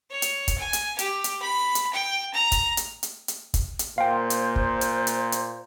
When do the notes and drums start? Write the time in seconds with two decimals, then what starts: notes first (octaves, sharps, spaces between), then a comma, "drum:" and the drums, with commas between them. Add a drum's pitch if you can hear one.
0.11 C#5
0.22 drum: hi-hat
0.48 drum: kick, hi-hat
0.58 G#5
0.73 drum: hi-hat
0.99 G4, drum: hi-hat
1.24 drum: hi-hat
1.42 B5
1.75 drum: hi-hat
1.93 G5
2.34 A#5
2.52 drum: kick, hi-hat
2.77 drum: hi-hat
3.03 drum: hi-hat
3.28 drum: hi-hat
3.54 drum: kick, hi-hat
3.79 drum: hi-hat
3.98 A#2 A#3 C5 F5 G5 C6
4.30 drum: hi-hat
4.56 drum: kick
4.81 drum: hi-hat
5.07 drum: hi-hat
5.32 drum: hi-hat